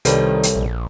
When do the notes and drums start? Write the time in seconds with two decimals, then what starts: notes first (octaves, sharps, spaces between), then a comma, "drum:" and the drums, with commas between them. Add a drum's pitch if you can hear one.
0.05 C2 D#3 G3 A4 B4 C#5, drum: hi-hat
0.43 drum: hi-hat
0.55 A#1